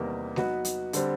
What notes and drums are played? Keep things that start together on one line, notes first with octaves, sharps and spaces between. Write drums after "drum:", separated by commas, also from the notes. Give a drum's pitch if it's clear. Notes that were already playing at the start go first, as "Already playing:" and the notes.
Already playing: E2 C3 D#3 G3 A#3
F#3 B3 D#4 F#4 B4, drum: snare G#3
drum: hi-hat
D3 G3 C4, drum: hi-hat